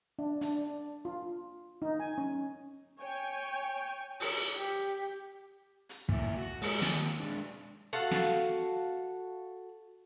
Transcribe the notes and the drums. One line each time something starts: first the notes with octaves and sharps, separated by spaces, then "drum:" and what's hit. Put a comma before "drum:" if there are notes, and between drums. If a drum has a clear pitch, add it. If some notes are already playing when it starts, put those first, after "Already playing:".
D4
D4, drum: hi-hat
F4
D#4
G#5
C#4
C#5 G5 G#5
drum: open hi-hat
G4
drum: hi-hat
A#2 E4, drum: kick
F#4
G#3, drum: open hi-hat
D#2, drum: snare
G#3 D4
F#4 A4 F5
drum: snare